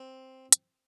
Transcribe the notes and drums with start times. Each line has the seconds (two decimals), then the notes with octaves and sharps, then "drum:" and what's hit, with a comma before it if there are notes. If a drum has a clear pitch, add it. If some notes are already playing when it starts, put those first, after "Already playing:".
Already playing: C4
0.52 drum: hi-hat